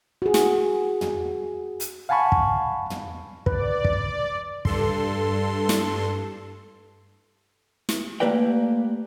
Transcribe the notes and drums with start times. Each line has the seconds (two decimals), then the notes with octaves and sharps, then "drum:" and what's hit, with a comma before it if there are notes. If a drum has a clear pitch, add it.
0.22 F#4 G#4
0.34 drum: snare
1.01 drum: tom
1.80 drum: hi-hat
2.09 F5 F#5 G#5 A5 B5 C#6
2.32 drum: kick
2.90 drum: tom
3.46 B4 D5, drum: kick
3.84 drum: kick
4.65 G2 A4 C6, drum: kick
5.69 drum: snare
7.89 drum: snare
8.20 A3 A#3 G4 B4 D5 G5